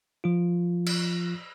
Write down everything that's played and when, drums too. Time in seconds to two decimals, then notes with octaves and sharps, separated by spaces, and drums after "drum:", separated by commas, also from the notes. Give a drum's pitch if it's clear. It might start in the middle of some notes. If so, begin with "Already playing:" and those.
0.24 F3 F4
0.86 drum: cymbal